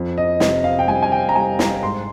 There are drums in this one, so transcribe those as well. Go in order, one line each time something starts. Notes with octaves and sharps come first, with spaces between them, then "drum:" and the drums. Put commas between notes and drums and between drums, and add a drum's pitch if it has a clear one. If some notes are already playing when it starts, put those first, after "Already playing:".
Already playing: F2
D#5
C3 D#5, drum: snare
F5
G5
G3 G#5
G#5
G5
A#5
G3 G#5
A#5, drum: snare
G#2 C6